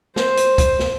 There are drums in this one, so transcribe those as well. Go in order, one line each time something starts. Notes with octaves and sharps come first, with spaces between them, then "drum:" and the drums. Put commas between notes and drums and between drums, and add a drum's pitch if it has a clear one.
C5, drum: snare
drum: hi-hat
drum: kick C2, hi-hat
drum: snare